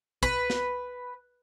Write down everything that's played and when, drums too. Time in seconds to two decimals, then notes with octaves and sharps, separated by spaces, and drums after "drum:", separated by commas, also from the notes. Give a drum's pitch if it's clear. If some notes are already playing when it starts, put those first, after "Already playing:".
0.23 B4, drum: kick
0.50 drum: snare